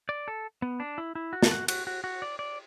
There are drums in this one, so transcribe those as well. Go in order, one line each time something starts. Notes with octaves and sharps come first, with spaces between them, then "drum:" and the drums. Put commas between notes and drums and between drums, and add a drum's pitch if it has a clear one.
D5
A4
B3
D4
E4
E4
F#4
A4, drum: snare
F#4
F#4, drum: cymbal
F#4
F#4
D5
D5